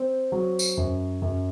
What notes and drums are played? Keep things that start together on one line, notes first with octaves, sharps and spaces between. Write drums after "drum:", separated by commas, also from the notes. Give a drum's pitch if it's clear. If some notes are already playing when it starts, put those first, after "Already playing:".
Already playing: C4
F#3
drum: tambourine
F#2
F#2